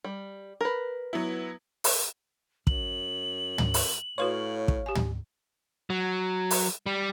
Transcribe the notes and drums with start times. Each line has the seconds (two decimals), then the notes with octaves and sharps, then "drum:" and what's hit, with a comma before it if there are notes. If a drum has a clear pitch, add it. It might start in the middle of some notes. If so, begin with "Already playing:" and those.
0.04 G3
0.61 A#4 B4
1.13 F#3 B3 E4
1.84 drum: open hi-hat
2.67 F#2 F#7, drum: kick
3.58 drum: tom
3.74 drum: open hi-hat
4.18 A2 F#4 B4 C#5 F5 C6
4.68 drum: kick
4.86 G4 G#5
4.95 drum: tom
5.90 F#3
6.51 drum: open hi-hat
6.86 G3